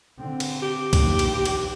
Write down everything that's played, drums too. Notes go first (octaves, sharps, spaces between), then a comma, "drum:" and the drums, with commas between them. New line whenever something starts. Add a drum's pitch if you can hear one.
D3 C4
drum: cymbal
G4
A#1 D#2, drum: kick, cymbal
drum: cymbal
drum: cymbal